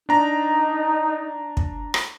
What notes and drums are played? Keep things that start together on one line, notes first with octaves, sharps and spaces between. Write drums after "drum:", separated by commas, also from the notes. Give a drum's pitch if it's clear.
D4 D#4 A#5
drum: kick
drum: rim click